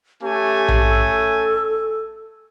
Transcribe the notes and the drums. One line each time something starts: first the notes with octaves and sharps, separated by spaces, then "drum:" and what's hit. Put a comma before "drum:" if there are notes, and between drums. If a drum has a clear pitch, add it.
A3 C#4 G4 G#5
drum: tom A#1
A4